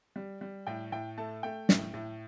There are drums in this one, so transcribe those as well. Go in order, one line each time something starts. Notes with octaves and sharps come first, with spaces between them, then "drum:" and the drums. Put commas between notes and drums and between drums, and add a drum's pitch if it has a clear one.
G3
G3
A2 G5
A2 G5
A3 A5
A3 G5
A2, drum: snare
A2